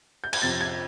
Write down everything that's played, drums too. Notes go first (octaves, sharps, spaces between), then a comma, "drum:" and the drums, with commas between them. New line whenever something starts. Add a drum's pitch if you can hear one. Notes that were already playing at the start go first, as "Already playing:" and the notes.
G6
G#6, drum: cymbal
F2 C3 F3 A6
G#6